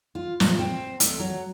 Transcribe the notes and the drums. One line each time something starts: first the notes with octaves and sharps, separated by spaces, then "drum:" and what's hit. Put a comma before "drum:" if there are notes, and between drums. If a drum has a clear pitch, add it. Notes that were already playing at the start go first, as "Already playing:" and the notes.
F4
A#2, drum: snare
C4
A3, drum: hi-hat
F#3